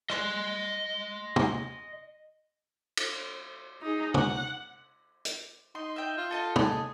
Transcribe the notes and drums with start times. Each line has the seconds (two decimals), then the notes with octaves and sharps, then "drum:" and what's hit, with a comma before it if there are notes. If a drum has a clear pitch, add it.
0.10 D#5 C6, drum: rim click
1.36 drum: tom
2.97 drum: cymbal
3.82 D#4 G#4
4.14 F#5, drum: tom
5.25 drum: hi-hat
5.75 D#4 C6
5.96 E5 G5
6.17 F4
6.31 A4 D#5 A5
6.56 G#4, drum: tom